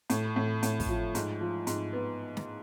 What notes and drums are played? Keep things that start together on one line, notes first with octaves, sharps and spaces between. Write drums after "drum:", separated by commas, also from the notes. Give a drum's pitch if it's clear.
A2, drum: hi-hat
A2
A2, drum: hi-hat
drum: kick, open hi-hat
F3
G#2, drum: hi-hat
F3
G#2, drum: hi-hat
B3
drum: snare